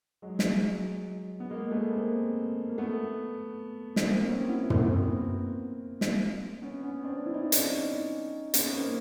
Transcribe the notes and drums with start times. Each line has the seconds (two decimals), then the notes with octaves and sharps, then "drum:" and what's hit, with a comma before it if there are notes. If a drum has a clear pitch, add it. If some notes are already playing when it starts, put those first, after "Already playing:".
0.22 F#3 G#3
0.39 drum: snare
1.40 B3
1.50 G#3 A#3
1.71 A3 B3
1.93 A#3 C4
2.69 A#3
2.78 A3 B3
3.96 drum: snare
4.06 A#3 C4
4.22 C4
4.27 B3 C#4
4.48 E4 F#4
4.70 C4, drum: tom
4.81 B3
4.92 A#3 C4
6.01 drum: snare
6.62 B3 C#4
6.83 B3 C#4
7.04 C4 D4
7.26 E4
7.34 D#4
7.43 D4
7.52 C#4 D#4, drum: hi-hat
8.54 B3 C#4, drum: hi-hat
8.75 A#3 C4